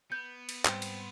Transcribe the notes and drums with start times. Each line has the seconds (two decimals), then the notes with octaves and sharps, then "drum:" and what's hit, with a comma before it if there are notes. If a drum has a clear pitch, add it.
0.12 B3 G6
0.49 drum: cymbal
0.65 G#2 G3 C4 G5 C6, drum: clap
0.82 drum: cymbal